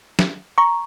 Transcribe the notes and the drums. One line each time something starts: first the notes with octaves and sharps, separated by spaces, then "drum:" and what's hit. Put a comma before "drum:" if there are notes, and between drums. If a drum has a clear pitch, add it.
drum: snare
A#5 C#6